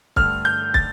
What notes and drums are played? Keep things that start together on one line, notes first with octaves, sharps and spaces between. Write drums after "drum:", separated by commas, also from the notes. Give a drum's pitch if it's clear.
G2 D3 A3 F6, drum: kick
G6
A6, drum: kick